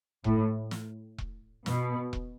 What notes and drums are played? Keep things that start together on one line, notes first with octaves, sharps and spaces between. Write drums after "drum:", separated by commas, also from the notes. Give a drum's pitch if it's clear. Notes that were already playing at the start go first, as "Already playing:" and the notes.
A2, drum: kick E1
drum: snare
drum: kick E1
B2, drum: snare
drum: kick E1